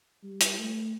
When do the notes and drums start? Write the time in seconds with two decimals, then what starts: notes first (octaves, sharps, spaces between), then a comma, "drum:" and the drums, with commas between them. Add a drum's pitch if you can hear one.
0.23 G3
0.41 drum: hi-hat
0.58 A3